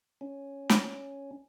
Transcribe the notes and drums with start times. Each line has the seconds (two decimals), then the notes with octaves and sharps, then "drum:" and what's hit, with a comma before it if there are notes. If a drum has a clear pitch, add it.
0.21 C#4
0.69 drum: snare